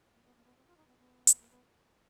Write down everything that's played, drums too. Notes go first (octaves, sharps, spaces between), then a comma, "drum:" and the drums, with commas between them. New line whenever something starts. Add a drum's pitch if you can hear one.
A#3
B3
A#3
B3
C4
F4
D#4
B3
B3
drum: hi-hat
A#3
B3